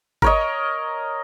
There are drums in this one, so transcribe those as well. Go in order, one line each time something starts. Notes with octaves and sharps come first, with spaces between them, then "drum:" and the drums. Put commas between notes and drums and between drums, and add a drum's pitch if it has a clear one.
A#4 C#5 D#5, drum: kick G#1